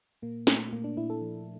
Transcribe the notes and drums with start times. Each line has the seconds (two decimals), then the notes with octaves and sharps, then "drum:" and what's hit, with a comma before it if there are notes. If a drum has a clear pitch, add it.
0.22 A#2 A#3
0.47 A#2 A3, drum: snare
0.73 A#2 A#3
0.84 D4
0.97 A#2 E4
1.10 A4
1.21 F3